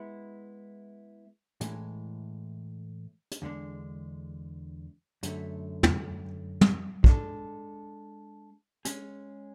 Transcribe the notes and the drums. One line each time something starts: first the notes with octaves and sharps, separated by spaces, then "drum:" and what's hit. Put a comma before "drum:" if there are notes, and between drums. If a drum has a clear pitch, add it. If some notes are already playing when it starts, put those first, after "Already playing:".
Already playing: G#3 B3 E4
A2 E3 G#3, drum: hi-hat
drum: hi-hat
E2 D3 G#3 D4
F#2 D3 A3, drum: hi-hat
drum: tom
drum: tom
G#3 D4 A4, drum: kick
G#3 C#4 G#4, drum: hi-hat